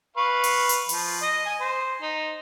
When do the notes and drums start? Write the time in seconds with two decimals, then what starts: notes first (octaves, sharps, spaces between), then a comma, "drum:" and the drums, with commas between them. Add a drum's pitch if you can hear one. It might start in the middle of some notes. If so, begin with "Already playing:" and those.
0.17 B4 F5 C#6
0.44 drum: open hi-hat
0.69 drum: hi-hat
0.89 F3, drum: open hi-hat
1.23 D#5
1.46 G#5
1.61 C5
2.01 D#4